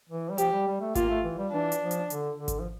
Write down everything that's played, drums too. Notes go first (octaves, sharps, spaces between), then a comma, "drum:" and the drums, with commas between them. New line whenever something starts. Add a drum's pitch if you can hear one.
E3
G3
F3 G4, drum: hi-hat
G3
G3
A3
A#3 F4, drum: kick G#1, hi-hat
A3
E3
G3
E3 D4
drum: hi-hat
F3
drum: hi-hat
D3, drum: hi-hat
D3
drum: kick G#1, hi-hat
F3